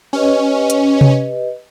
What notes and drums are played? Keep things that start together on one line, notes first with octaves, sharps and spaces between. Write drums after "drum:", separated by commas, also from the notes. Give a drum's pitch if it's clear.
C#4 G4 B4 D#5
drum: hi-hat
drum: tom C3